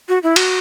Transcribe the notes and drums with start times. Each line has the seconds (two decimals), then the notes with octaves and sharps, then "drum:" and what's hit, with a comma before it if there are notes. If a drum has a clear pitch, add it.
0.09 F#4
0.23 E4
0.36 F#4, drum: cymbal